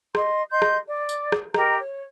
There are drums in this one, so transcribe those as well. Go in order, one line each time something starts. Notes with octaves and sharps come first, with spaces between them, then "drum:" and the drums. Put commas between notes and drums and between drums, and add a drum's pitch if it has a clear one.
D#5 C6, drum: rim click
D#5 C6 G6
drum: rim click
D5
drum: tambourine
drum: rim click
G4 A#4 D#5 A#5, drum: rim click
C#5